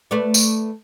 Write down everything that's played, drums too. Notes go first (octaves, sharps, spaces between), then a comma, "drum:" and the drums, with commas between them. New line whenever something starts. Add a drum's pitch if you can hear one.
A3 B4 D5
drum: tambourine